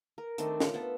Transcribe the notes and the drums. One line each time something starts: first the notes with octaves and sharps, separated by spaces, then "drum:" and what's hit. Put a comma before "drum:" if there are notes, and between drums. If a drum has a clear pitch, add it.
A#4
D#3 A3 C4 D4, drum: hi-hat
F4, drum: snare
B3 A4